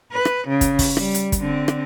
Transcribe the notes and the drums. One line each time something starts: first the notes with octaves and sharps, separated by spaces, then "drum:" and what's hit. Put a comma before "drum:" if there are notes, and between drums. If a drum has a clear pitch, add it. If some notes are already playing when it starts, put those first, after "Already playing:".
B4
drum: rim click
C#3
drum: kick, hi-hat
drum: kick, open hi-hat
G3, drum: rim click
drum: hi-hat
drum: kick, hi-hat
D3 C4
drum: rim click